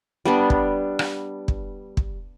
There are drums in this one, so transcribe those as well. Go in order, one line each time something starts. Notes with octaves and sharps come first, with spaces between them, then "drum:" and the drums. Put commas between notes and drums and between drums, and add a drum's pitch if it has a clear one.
G3 B3 D4
drum: kick
drum: rim click
drum: kick
drum: kick